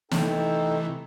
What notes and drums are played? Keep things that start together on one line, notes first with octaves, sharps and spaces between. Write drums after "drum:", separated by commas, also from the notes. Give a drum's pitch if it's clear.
C3 E3 A3 D#4 A4 G5, drum: snare